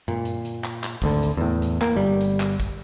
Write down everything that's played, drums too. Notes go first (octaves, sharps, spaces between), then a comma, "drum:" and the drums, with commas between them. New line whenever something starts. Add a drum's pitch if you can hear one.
A#2, drum: tom F#2
drum: hi-hat
drum: hi-hat
drum: clap
drum: clap
G#1 D2 D3, drum: kick G#1, open hi-hat
drum: hi-hat
E2 A2
drum: hi-hat
A#3, drum: clap
G1 G3
drum: hi-hat
drum: clap
drum: kick G#1, hi-hat